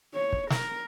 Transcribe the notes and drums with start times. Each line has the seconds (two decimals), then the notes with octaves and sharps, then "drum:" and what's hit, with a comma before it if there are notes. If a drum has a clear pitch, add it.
0.14 C#5
0.32 drum: kick
0.50 A#4, drum: snare